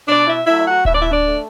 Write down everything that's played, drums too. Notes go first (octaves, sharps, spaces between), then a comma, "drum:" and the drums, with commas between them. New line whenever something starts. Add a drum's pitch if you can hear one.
B2 D4 D5
E4 E5
F#3 A3 E4 E5
E5
F#4 F#5
B2 E5, drum: kick D1
D5
E4 E5
D4 D5
A3